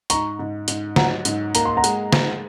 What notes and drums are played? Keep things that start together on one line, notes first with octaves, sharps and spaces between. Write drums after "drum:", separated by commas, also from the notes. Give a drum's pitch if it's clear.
G#2 A#5 C#6, drum: hi-hat
G#2
G#2, drum: hi-hat
F#3 F#5 A#5, drum: snare
G#2, drum: hi-hat
A#3 A#5, drum: hi-hat
C6
F#5 A#5
G#3, drum: hi-hat
drum: snare